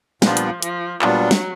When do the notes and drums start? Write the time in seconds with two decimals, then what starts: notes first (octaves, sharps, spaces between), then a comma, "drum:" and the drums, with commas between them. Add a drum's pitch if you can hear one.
0.22 A#2 F3 G3 B3 D4 F4, drum: snare
0.37 drum: hi-hat
0.62 F3, drum: hi-hat
1.02 A#2 F#3 G3 B3 D4 F4, drum: clap
1.31 drum: snare